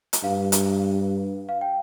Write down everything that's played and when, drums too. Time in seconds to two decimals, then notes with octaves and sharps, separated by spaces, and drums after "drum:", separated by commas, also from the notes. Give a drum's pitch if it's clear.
0.13 drum: hi-hat
0.23 G2 F5
0.52 drum: hi-hat
1.49 F5
1.61 G5